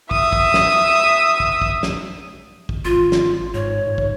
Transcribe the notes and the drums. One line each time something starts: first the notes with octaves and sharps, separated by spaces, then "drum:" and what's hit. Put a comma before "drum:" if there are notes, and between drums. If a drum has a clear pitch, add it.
E5 D#6, drum: kick
drum: kick
drum: snare
drum: kick
drum: kick
drum: snare
drum: kick
G#1 F4
drum: snare
G#2 C#5
G#2
drum: kick